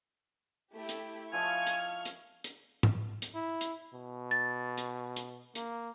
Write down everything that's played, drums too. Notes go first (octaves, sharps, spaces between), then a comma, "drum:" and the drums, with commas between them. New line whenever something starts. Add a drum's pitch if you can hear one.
A3 E4 G4
drum: hi-hat
F3 E4 D#5 G#5 C#6 F6
drum: hi-hat
drum: hi-hat
drum: hi-hat
drum: tom
drum: hi-hat
E4
drum: hi-hat
B2
A6
drum: hi-hat
drum: hi-hat
A#3, drum: hi-hat